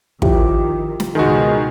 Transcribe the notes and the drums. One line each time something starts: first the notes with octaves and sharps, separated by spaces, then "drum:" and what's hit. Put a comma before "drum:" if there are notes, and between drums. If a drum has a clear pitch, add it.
D#3 F3 E4 G4, drum: kick
drum: snare
C#2 B2 D#3 G#3 F#4